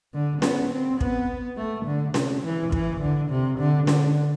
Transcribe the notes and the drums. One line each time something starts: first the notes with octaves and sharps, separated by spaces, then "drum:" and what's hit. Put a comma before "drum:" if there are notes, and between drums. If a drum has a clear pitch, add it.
D3
B3, drum: snare C#4
C4
B3, drum: kick
A3
D3
C3, drum: snare C#4
E3
E3, drum: kick
D3
C3
D3
D3, drum: snare C#4